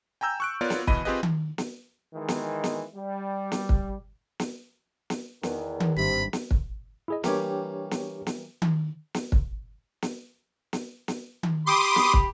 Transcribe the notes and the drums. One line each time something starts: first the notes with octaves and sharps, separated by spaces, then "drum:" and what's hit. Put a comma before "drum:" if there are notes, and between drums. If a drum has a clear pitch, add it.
G5 G#5 A#5 E6 G6
C#6 F#6 D7
B3 F4 A#4 C#5 D5
drum: snare
B2 E3 D#5 B5 D#7, drum: kick
C4 F4 G4 G#4 B4 D#5
drum: tom D#3
drum: snare
D#3 E3 G#3
drum: snare
drum: snare
G3
drum: snare
drum: kick
drum: snare
drum: snare
E2 D#3, drum: snare
drum: tom D#3
G#1 G2 C3 B5
drum: snare
drum: kick
E4 G#4 D#5
E3 G3 A#3 D4 G4 C#5, drum: snare
drum: snare
drum: snare
drum: tom D#3
drum: snare
drum: kick
drum: snare
drum: snare
drum: snare
drum: tom D#3
G4 B5 C6 D6 D#6
drum: snare
drum: kick